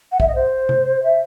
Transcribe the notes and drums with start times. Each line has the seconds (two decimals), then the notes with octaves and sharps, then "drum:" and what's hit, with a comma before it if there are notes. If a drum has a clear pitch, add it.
0.12 F#5
0.20 E5, drum: kick
0.27 D#5
0.35 C5
0.69 drum: tom C3
1.03 E5